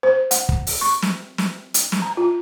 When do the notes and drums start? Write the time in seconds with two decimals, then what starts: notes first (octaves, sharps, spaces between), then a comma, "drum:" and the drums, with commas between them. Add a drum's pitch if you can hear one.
0.03 C5
0.31 F#5, drum: hi-hat
0.49 drum: kick
0.67 drum: open hi-hat
0.81 C#6
1.03 drum: snare
1.38 drum: snare
1.74 drum: hi-hat
1.92 drum: snare
2.02 A#5
2.17 F4